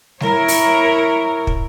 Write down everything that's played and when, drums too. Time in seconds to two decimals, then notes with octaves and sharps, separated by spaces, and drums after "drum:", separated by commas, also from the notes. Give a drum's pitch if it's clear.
0.20 E4 A#4 C#5, drum: snare G3
0.48 drum: open hi-hat
1.47 drum: kick